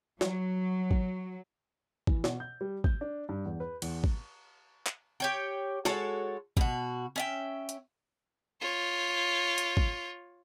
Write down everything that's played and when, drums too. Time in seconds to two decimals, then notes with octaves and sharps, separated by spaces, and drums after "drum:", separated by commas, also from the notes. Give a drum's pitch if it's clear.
0.21 F#3, drum: snare
0.91 drum: kick G#1
2.07 E3, drum: kick G#1
2.24 B2, drum: snare
2.40 G6
2.61 G3
2.84 G6, drum: kick G#1
3.01 D4
3.29 G2
3.45 E2
3.60 B4
3.82 E2, drum: cymbal
4.04 drum: kick G#1
4.87 drum: clap
5.20 G4 C#5 G5
5.85 G#3 F#4 A4 C#5, drum: snare
6.57 B2 F#4, drum: kick G#1
7.16 C#4 E5 G5
7.69 drum: hi-hat
8.61 F4 C#5
9.58 drum: hi-hat
9.77 drum: kick G#1